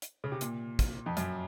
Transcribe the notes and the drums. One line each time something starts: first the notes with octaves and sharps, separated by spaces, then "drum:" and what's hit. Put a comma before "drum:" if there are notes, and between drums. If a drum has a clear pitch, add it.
drum: hi-hat
C#3
C3
A#2, drum: hi-hat
drum: kick, hi-hat
F2
F#2, drum: hi-hat